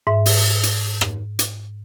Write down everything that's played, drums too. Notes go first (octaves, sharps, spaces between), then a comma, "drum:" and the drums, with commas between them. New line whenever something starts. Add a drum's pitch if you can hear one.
G#2 E5
drum: open hi-hat
drum: hi-hat
drum: rim click
drum: hi-hat